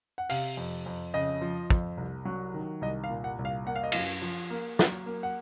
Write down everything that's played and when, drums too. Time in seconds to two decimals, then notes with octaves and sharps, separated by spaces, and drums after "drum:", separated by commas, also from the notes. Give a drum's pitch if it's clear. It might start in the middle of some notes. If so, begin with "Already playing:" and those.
0.18 F#5
0.30 C3 F5, drum: open hi-hat
0.57 F2
0.86 F2
1.14 C#3 D#5
1.41 F3
1.70 F2, drum: kick
1.97 C2
2.25 F#3
2.54 D#3
2.82 C2 D#5
3.04 F5
3.10 A#2
3.24 F#5
3.39 C2
3.45 F5
3.66 A#3 F#5
3.76 F5
3.83 D#5
3.92 F#2 F5, drum: cymbal
4.22 F3
4.50 A#3
4.79 F#3, drum: snare
5.06 A#3
5.23 F#5